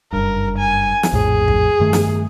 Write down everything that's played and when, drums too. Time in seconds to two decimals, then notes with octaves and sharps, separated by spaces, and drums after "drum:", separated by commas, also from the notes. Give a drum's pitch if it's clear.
0.13 F#1 G2 A#4
0.58 G#5
1.03 drum: snare
1.13 A#1 F2 A2 G#4
1.48 drum: kick
1.80 G2 D#3 A3
1.93 drum: snare